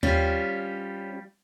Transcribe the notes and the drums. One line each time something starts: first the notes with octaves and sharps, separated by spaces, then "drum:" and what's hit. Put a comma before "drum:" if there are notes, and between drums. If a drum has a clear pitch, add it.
G3 C#4 F4 G4 C5, drum: tom D#2